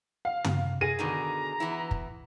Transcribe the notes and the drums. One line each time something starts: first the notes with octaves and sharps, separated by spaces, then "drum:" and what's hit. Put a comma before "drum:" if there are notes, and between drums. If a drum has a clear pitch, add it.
F5
drum: tom
G#4 A#6 D#7
B2 D3 D#3 A#5
E3 B3 E4
drum: kick